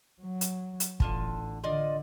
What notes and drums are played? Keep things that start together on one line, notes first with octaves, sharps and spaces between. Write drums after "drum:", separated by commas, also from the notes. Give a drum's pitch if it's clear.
F#3
drum: hi-hat
drum: hi-hat
A1 D3 F4 A5, drum: kick
D3 F4 D5 D#5